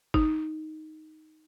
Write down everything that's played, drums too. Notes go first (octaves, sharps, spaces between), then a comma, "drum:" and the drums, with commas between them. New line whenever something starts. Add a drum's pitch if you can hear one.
D#4, drum: kick